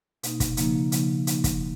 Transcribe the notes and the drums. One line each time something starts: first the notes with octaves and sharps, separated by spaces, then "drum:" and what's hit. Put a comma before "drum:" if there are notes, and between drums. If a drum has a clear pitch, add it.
B2 A#3 D#4, drum: hi-hat
drum: kick, hi-hat
C#3 F3 A#3 D#4, drum: hi-hat
C#3 F3 A#3 D#4, drum: hi-hat
C#3 F3 A#3 D#4, drum: hi-hat
drum: kick, hi-hat